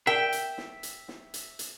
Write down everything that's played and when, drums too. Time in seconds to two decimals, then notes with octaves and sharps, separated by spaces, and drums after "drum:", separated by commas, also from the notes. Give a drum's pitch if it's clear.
0.07 A#4 E5 G5
0.32 drum: hi-hat
0.58 drum: snare
0.83 drum: hi-hat
1.08 drum: snare
1.34 drum: hi-hat
1.59 drum: hi-hat